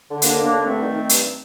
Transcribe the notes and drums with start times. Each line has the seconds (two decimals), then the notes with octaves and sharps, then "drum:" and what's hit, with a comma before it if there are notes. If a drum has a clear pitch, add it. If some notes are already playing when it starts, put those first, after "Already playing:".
0.08 D3
0.22 D#2 A#3 D4, drum: hi-hat
0.37 D#2
0.44 A#3 D4
0.51 D3
0.65 G2 A3 C4
0.81 D#3
0.94 D#3
1.09 G2, drum: hi-hat